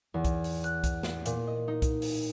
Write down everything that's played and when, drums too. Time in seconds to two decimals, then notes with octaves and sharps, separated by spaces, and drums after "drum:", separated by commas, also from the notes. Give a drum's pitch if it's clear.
0.14 E2
0.25 drum: kick C2, hi-hat
0.44 drum: open hi-hat
0.64 F#6, drum: hi-hat
0.84 drum: kick C2, hi-hat
1.03 drum: snare
1.26 A#2, drum: hi-hat
1.47 D#5
1.68 D#4
1.82 drum: kick C2, hi-hat
2.02 drum: open hi-hat